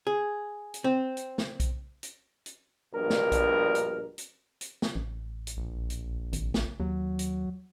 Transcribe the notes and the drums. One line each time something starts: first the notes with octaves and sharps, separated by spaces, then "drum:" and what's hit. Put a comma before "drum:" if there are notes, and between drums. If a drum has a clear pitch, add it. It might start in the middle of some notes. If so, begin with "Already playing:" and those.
G#4
drum: hi-hat
C4
drum: hi-hat
drum: snare
drum: kick B1, hi-hat
drum: hi-hat
drum: hi-hat
A#1 G2 B2 A#4
drum: snare
drum: kick B1, hi-hat
drum: hi-hat
drum: hi-hat
drum: hi-hat
drum: snare
A1
drum: hi-hat
A#1
drum: hi-hat
G#1, drum: hi-hat
drum: snare
D#2 F#3
drum: hi-hat